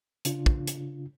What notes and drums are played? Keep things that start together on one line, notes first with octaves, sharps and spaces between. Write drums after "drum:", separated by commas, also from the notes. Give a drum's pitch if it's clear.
C#3 D4 F4, drum: hi-hat
drum: kick
drum: hi-hat